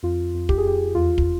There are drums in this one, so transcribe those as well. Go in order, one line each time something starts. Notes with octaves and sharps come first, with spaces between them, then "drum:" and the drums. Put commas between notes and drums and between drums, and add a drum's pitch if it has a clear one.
F2 F4
F2
G4, drum: kick
G#4
F2 G4
E2 F4
drum: kick